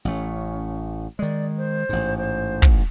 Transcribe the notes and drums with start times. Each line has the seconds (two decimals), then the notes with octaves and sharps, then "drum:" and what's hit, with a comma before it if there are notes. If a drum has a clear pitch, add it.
0.05 A1 A3 C#4
1.19 D#3 G#3 D5
1.58 C5
1.89 A1 G#2
2.18 C5
2.62 drum: kick